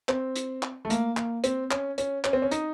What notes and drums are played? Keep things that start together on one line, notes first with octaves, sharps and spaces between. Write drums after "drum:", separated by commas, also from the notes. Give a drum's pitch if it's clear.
C4, drum: clap
drum: hi-hat
drum: clap
A3
A#3, drum: hi-hat
A#3, drum: clap
C4, drum: hi-hat
C#4, drum: clap
C#4, drum: hi-hat
C#4, drum: clap
C4
C#4
D#4, drum: hi-hat